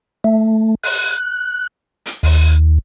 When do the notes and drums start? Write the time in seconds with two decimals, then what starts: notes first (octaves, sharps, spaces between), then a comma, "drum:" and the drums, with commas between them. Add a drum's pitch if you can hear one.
0.24 A3
0.83 F#6, drum: open hi-hat
2.06 drum: hi-hat
2.23 D#2, drum: open hi-hat